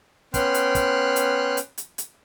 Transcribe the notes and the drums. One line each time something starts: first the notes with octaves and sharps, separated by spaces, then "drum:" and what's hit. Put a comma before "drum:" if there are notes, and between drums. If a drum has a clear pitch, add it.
B3 C#4 G5 C6 F6 F#6, drum: kick, hi-hat
drum: hi-hat
drum: kick, hi-hat
drum: hi-hat
drum: hi-hat
drum: hi-hat
drum: hi-hat